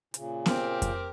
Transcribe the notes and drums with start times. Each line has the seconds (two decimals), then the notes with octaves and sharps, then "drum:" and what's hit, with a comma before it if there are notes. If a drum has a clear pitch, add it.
0.14 A#2 C#3, drum: hi-hat
0.46 C4 G4 A#4, drum: snare B3
0.82 drum: kick F2, hi-hat